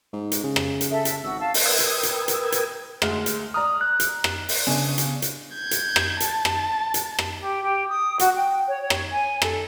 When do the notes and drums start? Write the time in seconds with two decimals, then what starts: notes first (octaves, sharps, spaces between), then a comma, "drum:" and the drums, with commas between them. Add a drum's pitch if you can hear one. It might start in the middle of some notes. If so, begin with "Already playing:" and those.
0.13 G#2
0.32 drum: hi-hat
0.43 C#3
0.56 drum: rim click
0.81 drum: hi-hat
0.90 C#3 A4 E5
1.05 drum: hi-hat
1.23 G#1 F#4 E6
1.39 F5 A5
1.54 drum: open hi-hat
1.66 A#4 B4 G5 D#6 E6 G#6
1.79 drum: hi-hat
2.03 drum: hi-hat
2.28 drum: hi-hat
2.52 drum: hi-hat
3.02 D2 G#3 F6, drum: rim click
3.26 drum: hi-hat
3.54 D5 A#5 D#6 F6
3.81 F#6
4.00 drum: hi-hat
4.24 drum: rim click
4.49 drum: open hi-hat
4.67 C#3 B3 D4 G#5
4.98 drum: hi-hat
5.22 drum: hi-hat
5.55 G6 G#6
5.71 drum: hi-hat
5.96 drum: rim click
6.20 A5, drum: hi-hat
6.45 drum: rim click
6.94 drum: hi-hat
7.19 drum: rim click
7.40 G4
7.63 G4
7.88 D#6
8.19 F#4, drum: hi-hat
8.36 G5
8.68 C#5
8.81 C#5
8.90 drum: rim click
9.12 G#5
9.42 A4, drum: rim click